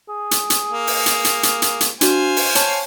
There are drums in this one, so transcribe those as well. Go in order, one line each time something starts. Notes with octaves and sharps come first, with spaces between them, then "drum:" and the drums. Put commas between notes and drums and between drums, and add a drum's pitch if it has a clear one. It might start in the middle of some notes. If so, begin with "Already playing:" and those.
G#4
drum: hi-hat
drum: hi-hat
A#3
drum: open hi-hat
drum: hi-hat
drum: hi-hat
drum: hi-hat
drum: hi-hat
drum: hi-hat
D4 F#4 C5 F5 G#5, drum: hi-hat
drum: open hi-hat
C#5 A5 C#6, drum: hi-hat